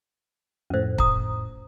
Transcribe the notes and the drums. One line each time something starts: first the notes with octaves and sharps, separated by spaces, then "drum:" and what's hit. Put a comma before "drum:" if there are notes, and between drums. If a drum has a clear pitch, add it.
F2 A2 C#4 C5
A#5 D#6, drum: kick